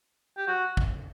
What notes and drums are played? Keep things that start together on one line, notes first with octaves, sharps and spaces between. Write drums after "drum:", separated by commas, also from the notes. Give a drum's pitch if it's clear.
G4
F#4
drum: kick